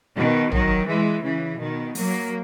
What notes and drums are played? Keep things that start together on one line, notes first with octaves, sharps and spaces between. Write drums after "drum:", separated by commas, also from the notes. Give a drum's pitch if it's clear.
B2 D#3
D#3 F#3, drum: tom
E3 G#3
C#3 E3
B2 D#3
F#3 A#3, drum: open hi-hat